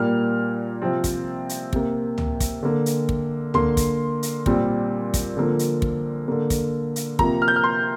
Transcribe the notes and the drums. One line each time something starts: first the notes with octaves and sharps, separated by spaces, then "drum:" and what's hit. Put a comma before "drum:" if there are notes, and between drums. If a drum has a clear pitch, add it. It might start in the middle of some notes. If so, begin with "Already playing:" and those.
Already playing: A#2 G3 A#3 F6
C3 F3 C4
drum: kick, hi-hat
drum: hi-hat
C3 A#3, drum: kick
drum: tom C#2
drum: kick, hi-hat
D3 A#3
drum: hi-hat
drum: kick
D3 A#3 C6, drum: tom C#2
drum: kick, hi-hat
drum: hi-hat
A#2 G3 C4, drum: kick
drum: kick, hi-hat
D3 F3 A#3
drum: hi-hat
drum: kick
D3 A#3
drum: kick, hi-hat
drum: hi-hat
C3 F3 A#3 A#5, drum: kick
F6
G6
F6
C6